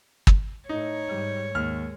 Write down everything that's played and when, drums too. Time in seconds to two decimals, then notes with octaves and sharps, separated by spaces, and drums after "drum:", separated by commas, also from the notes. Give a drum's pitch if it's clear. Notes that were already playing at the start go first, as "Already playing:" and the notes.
0.27 drum: kick
0.69 A2 D#4 C#5
1.08 G#2 G3
1.55 D#2 G#3 F6